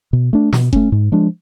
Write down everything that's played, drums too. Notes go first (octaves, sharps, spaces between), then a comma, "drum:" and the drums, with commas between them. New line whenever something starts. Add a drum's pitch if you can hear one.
B2
A3 D4
B2, drum: snare
A3 C#4, drum: kick F1
G#2
F3 G#3 D4